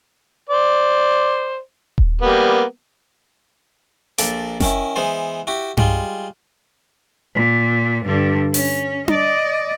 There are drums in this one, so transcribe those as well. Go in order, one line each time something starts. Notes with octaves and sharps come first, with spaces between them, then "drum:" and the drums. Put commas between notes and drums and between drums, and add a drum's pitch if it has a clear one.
C5 D5
drum: kick D#1
G3 A#3 B3
A#1 A#2 A4 D5, drum: hi-hat
D#3 C#4 E4, drum: snare F#1
E3 G#3 B3 C5
E4 F#4 G4
G3 G#3 F4, drum: tom G2
A#2
G2 D3
C#4, drum: open hi-hat
D5 D#5, drum: tom D4